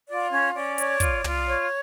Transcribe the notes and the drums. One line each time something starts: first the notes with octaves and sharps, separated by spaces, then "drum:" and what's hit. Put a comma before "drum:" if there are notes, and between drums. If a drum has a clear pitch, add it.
F4 D5
C#4 C#5
C#4 D5
C#5, drum: hi-hat
F4, drum: kick, hi-hat
F4, drum: tom
C#5